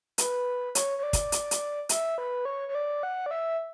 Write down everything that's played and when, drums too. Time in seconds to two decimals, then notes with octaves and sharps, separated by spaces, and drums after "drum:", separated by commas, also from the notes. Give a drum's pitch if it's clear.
0.18 B4, drum: hi-hat
0.75 C#5, drum: hi-hat
0.98 C#5
1.03 D5
1.13 drum: kick, hi-hat
1.32 drum: hi-hat
1.51 drum: hi-hat
1.89 E5, drum: hi-hat
2.18 B4
2.45 C#5
2.69 C#5
2.75 D5
3.03 F#5
3.26 D5
3.31 E5